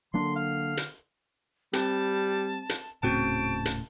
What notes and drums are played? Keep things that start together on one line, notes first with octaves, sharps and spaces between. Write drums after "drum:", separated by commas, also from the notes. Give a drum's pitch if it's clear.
D3 F#3 A#3 D4 C6
F5
drum: hi-hat
G3 C4 A5, drum: hi-hat
drum: hi-hat
D#1 A2 C#3 C4 F#4 A5 G6 D7
drum: hi-hat